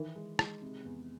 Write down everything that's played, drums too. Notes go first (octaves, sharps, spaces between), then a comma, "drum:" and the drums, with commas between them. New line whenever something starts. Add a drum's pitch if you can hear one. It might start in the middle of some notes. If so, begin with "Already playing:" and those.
Already playing: D#3 E3
G#3
G#3, drum: rim click
C3
E2